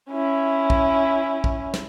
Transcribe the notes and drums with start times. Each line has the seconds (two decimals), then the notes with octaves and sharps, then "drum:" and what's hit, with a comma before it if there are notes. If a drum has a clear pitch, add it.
0.11 C#4 E4
0.70 drum: kick
1.44 drum: kick
1.74 drum: snare